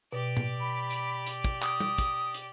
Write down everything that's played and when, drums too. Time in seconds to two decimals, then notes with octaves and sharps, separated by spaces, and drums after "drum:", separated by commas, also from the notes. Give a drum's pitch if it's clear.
0.12 B2 G4 D5
0.37 drum: tom
0.60 B5
0.91 drum: hi-hat
1.26 drum: hi-hat
1.44 drum: kick
1.62 D#6, drum: clap
1.80 drum: tom
1.98 drum: kick, hi-hat
2.34 drum: hi-hat